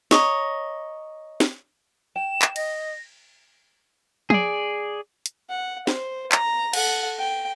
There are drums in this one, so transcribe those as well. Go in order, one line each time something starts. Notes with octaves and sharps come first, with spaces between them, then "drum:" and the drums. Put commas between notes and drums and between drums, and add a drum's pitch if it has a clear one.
C#5 D#5 A#5, drum: snare
drum: snare
G5 E7
drum: clap
D#5 A#6, drum: cymbal
G#4 D5, drum: tom
drum: hi-hat
F#5
C5, drum: snare
A#5, drum: clap
A4 F#5, drum: cymbal
G5